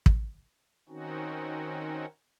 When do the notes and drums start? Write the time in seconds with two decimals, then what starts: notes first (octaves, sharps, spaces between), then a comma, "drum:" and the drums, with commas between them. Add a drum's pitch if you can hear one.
0.06 drum: kick
0.89 D#3 C4 C#4 D#4 F#4